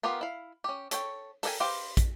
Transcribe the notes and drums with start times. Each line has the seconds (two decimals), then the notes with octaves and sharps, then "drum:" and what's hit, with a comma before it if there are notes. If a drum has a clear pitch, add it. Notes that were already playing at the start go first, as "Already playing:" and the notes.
0.03 B3 F4 G4 A#4 F5
0.21 E4 F5
0.64 C#4 G4
0.91 A4 C#5 G5, drum: hi-hat
1.43 A4 A#4 D5 G5 G#5, drum: open hi-hat
1.60 G4 B4 C5 F5 G5
1.97 drum: kick, hi-hat